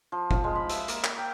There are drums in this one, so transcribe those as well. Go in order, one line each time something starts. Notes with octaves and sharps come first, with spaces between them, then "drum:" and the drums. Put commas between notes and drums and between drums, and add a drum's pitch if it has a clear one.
F3
F4, drum: kick F#1
G#3
B5
E5, drum: hi-hat
A#3, drum: hi-hat
A#4, drum: clap
G5